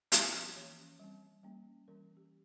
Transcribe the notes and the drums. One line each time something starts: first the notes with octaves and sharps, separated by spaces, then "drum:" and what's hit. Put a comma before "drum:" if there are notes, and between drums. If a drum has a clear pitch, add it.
F3 A#3 C#4, drum: hi-hat
E3 A#3 C#4 C#5
G3 C4
G3 A#3 C#4
E3 G3 C#4 A#4
G4